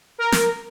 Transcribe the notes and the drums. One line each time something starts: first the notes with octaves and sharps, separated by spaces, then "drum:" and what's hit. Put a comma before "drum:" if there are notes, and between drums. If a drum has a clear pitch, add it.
A#4
drum: snare